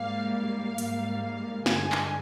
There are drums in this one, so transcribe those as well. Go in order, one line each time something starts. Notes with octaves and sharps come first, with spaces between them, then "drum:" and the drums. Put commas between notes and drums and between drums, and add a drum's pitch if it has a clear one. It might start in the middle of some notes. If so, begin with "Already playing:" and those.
Already playing: G#2 G3 A#3 F5
F5
G#2 G3 A#3, drum: hi-hat
F5
G2 D3 G#3 G#5, drum: snare
drum: clap